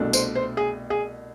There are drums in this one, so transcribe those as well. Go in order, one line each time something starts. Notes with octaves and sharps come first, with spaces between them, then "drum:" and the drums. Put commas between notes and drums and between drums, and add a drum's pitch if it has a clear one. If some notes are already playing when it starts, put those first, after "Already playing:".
Already playing: C2 B2 A3 D4
C5, drum: tambourine
C5
G#4
G#4